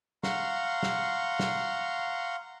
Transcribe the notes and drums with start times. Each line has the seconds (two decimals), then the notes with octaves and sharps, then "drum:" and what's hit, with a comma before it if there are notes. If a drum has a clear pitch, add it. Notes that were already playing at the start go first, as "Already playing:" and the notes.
0.23 F5 F#5 A#5 C6 C#6, drum: snare
0.83 drum: snare
1.39 drum: snare